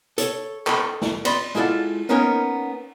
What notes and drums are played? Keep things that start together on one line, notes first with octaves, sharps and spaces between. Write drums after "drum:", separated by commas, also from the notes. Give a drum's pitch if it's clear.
A4 C#5, drum: hi-hat
A4 B5, drum: clap
drum: snare
D5 D#5 B5 C6, drum: cymbal
G#3 E4 F4 A4 D5 F#5
A#3 B3 C#4 D#4 A#4 C#5